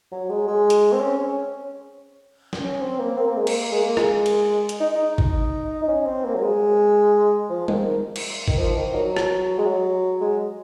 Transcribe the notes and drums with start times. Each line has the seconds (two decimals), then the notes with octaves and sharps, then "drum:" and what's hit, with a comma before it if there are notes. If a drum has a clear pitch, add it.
0.12 F#3
0.30 G#3
0.48 G#3
0.70 drum: hi-hat
0.92 C4
1.01 C#4
1.19 C#4
2.53 drum: snare
2.64 C#4
2.81 C4
3.00 A#3
3.17 C4
3.27 A#3
3.37 G#3
3.47 A#3, drum: cymbal
3.72 G#3
3.84 A#3
3.97 G#3, drum: rim click
4.26 drum: cymbal
4.69 drum: hi-hat
4.80 D#4
4.95 D#4
5.18 drum: kick G1
5.83 D#4
5.88 C#4
6.06 C4
6.24 A#3
6.35 F#3
6.42 G#3
7.50 F3
7.68 D#3, drum: tom G3
8.16 drum: cymbal
8.48 D#3, drum: kick G1
8.58 F3
8.77 D#3
8.94 F#3
9.17 drum: rim click
9.58 G#3
9.66 F#3
10.21 G#3